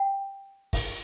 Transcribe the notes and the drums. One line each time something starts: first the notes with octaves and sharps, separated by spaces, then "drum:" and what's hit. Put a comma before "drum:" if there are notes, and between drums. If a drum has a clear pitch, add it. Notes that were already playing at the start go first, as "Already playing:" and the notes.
Already playing: G5
drum: kick, open hi-hat